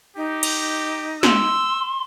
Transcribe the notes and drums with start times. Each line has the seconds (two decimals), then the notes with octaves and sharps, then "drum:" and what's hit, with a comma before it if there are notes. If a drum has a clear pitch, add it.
0.17 D#4 G4
0.43 drum: cymbal
1.23 C6 E6, drum: snare